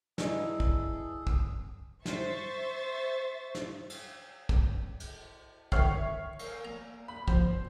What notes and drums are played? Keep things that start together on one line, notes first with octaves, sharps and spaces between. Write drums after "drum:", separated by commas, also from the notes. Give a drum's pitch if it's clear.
E4 G#4 A4 B4 D5 D#5 G#5, drum: snare
drum: kick
drum: kick
C5 E5 C#6 A6, drum: snare
drum: snare
drum: cymbal
drum: kick
drum: cymbal
D3 D#3 C#5 E5 F6 C7, drum: kick
A#4, drum: cymbal
A#3 A#5
B5
F3 C5, drum: kick